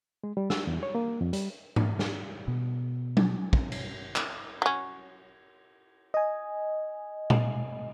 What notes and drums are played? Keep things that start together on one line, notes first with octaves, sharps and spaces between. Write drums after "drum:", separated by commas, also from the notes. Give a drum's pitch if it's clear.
G#3
G3
E6, drum: snare
E2
C#5
A#3
F2
G3, drum: hi-hat
drum: tom G#2
drum: snare
B2
drum: tom F#3
drum: kick
drum: cymbal
drum: clap
F#3 C#4
D#5 G#5
drum: tom